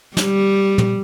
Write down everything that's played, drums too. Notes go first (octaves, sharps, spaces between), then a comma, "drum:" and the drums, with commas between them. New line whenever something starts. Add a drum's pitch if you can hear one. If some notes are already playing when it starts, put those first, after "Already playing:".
G3, drum: snare
drum: tom